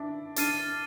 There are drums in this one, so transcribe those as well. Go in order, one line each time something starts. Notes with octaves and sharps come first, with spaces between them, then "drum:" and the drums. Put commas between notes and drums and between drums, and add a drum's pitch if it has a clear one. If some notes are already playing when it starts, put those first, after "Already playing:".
Already playing: D4 E4
D4 D6 F6 A6 C7 D#7, drum: hi-hat